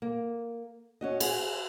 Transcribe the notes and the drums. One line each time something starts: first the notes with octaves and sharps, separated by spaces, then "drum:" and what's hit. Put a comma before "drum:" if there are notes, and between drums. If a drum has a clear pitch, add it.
A#3
C#4 F#4 D#5
G#4, drum: cymbal